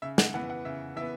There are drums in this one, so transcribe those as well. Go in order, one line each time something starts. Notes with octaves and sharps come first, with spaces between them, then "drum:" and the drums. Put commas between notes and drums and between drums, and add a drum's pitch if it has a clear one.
C#3 E5
F#5, drum: snare
E3 B3 F#5
F#5
C#3 E5
E3 B3 E5